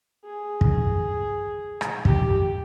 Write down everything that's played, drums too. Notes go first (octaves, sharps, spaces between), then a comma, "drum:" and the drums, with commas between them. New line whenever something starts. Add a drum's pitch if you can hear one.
G#4
drum: kick
drum: rim click
G4, drum: kick